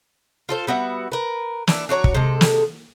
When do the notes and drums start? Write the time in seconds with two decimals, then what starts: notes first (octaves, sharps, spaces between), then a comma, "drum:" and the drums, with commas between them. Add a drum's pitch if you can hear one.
0.49 F4 A4 C5
0.67 G3 B3 F#4 E5
1.12 A#4 B4
1.67 E3 D4, drum: snare
1.89 D4 F#4 C#5 A#5
2.04 drum: kick
2.15 C3 G#3 A4
2.41 drum: snare